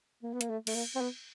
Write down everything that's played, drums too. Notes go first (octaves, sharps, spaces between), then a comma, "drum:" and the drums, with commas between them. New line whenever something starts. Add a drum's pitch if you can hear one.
A#3
B3
A#3, drum: hi-hat
A3
A3, drum: cymbal
A#3
C4
B3